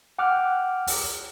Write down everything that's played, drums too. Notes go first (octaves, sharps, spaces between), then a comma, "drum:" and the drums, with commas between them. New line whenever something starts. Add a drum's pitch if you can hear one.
F#5 G5 D6 F6 F#6
drum: open hi-hat